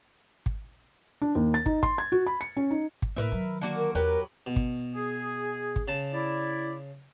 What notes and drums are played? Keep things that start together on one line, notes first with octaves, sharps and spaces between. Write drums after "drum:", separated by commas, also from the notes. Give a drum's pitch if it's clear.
drum: kick
D4
D#2
A6
D#4, drum: kick
C6, drum: kick
G#6
F#4
B5
C#7
C#4
D#4
drum: kick
A2 A#3 A#4 B4 E5
D#3 F#3
D3 A#3 F#4
A#4
E2 F#3 G4 A#4 B4
B2
drum: kick
G#4
drum: kick
C#3 A5
E4 D5